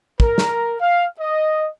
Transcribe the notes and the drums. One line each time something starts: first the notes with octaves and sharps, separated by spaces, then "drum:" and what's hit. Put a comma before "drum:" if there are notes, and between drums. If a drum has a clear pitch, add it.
A#4, drum: kick
drum: snare
F5
D#5